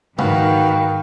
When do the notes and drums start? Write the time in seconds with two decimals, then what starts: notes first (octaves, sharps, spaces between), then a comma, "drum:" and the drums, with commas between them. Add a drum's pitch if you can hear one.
0.18 G#2 D#3 F#4 B4 F5 G5, drum: tom